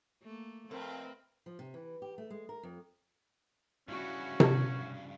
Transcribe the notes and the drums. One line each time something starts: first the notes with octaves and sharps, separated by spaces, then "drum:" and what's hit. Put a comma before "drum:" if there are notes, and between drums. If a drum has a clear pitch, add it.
A3 A#3
F2 A3 C4 A#4 B4
F3
C3
E3
G4
A3
G#3
A#4
F2
G2 C#3 C#4 E4 F#4
drum: tom C3